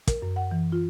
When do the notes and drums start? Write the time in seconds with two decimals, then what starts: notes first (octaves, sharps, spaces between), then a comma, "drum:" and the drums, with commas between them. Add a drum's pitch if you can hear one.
0.07 A#4, drum: kick, hi-hat
0.22 F#2
0.36 F#5
0.51 E3
0.72 F4